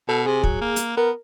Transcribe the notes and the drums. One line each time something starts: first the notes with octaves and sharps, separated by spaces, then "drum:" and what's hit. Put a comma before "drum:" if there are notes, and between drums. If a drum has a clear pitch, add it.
B2 A4
C3 G#4
F#3, drum: kick
A#3
drum: hi-hat
B3 A#4